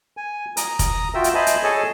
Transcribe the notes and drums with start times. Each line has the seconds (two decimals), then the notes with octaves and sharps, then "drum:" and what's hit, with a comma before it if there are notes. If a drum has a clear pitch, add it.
0.17 G#5
0.57 A#5 D#6, drum: hi-hat
0.79 drum: kick F1, hi-hat
1.15 F4 F#4 E5 G5 E6
1.24 drum: hi-hat
1.34 C5 D#5 E5 G#5 A5 B5
1.47 drum: hi-hat
1.63 G#4 A4 C#5 D#5 G#5 A5